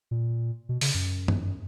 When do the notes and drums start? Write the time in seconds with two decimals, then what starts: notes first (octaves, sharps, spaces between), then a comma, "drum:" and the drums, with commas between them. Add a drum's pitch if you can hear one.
0.11 A#2
0.69 B2
0.81 C#3, drum: open hi-hat
0.94 F#2
1.28 drum: tom G2